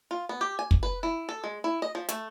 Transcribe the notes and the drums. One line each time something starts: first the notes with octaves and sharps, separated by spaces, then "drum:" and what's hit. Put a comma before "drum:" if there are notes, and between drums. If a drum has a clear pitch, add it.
F4
B3
G4
G#5
drum: kick
B4
E4
A4
G#3
E4
D#5
F3
A3, drum: hi-hat